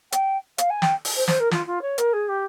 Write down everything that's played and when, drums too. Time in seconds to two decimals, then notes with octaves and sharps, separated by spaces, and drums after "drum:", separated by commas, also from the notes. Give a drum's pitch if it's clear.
0.12 G5, drum: hi-hat
0.58 F5, drum: hi-hat
0.70 G#5
0.82 G5, drum: snare
1.05 drum: open hi-hat
1.16 C5
1.28 C5, drum: snare
1.40 A#4
1.51 F4, drum: snare
1.66 F4
1.82 C#5
1.98 A#4, drum: hi-hat
2.13 G#4
2.28 G4